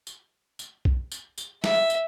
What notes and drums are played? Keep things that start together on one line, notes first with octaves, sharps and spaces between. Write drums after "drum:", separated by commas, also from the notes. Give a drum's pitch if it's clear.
drum: tambourine
drum: tambourine
drum: kick B1
drum: tambourine
drum: tambourine
E5, drum: snare
drum: tambourine